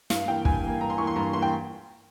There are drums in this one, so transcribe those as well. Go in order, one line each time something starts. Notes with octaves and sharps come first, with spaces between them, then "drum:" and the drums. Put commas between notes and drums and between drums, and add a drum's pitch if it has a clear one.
G2 F5, drum: snare
E3 A#3 G5
G2 G#5, drum: kick
E3 A#3
G2 A#5
C6
E3 A#3 C#6
C6
G2 A#5
E3 A#3 C6
G5